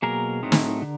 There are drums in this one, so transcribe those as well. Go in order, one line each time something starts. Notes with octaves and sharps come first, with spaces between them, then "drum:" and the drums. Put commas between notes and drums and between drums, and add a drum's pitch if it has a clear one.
B2 F#3 A#3 G#4 A#4
A2 F#3 A3 C4 D#4
drum: snare
D3